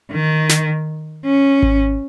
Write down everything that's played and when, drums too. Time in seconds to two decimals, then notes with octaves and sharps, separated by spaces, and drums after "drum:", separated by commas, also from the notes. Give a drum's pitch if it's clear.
0.12 D#3
0.49 drum: snare
1.25 C#4
1.63 drum: kick G#1